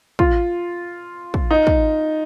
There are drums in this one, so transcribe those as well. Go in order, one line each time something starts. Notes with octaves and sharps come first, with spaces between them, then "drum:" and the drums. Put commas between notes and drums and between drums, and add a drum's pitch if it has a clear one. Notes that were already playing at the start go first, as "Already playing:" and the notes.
F4, drum: kick
drum: kick
D#4
drum: kick